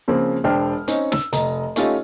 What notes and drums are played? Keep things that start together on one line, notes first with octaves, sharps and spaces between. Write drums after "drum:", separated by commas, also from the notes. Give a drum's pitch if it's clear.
C#3 F3 A#3 C4
E1 D4 C5 G5 F6
C4 C#4 D#4, drum: hi-hat
E6, drum: snare
F1 D#5 A#5, drum: hi-hat
A3 C#4 D#4 F4 G4, drum: hi-hat